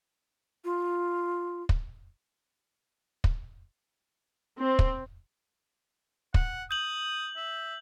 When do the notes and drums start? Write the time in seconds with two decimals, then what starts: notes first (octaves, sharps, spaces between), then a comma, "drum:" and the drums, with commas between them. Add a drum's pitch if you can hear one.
0.64 F4
1.69 drum: kick
3.24 drum: kick
4.59 C4
4.79 drum: kick
6.34 F#5, drum: kick
6.71 D#6 G6 F#7
7.36 E5